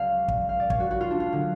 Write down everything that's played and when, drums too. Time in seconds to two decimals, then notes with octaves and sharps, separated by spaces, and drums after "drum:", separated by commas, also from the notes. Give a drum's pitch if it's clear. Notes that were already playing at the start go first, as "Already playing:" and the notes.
Already playing: C#2 C#3 F#3 D5 F5
0.28 drum: kick
0.49 F5
0.60 D5
0.70 C#5, drum: kick
0.80 F#4
0.91 F#4
1.01 F4
1.11 D4
1.20 F4
1.33 D3 F#3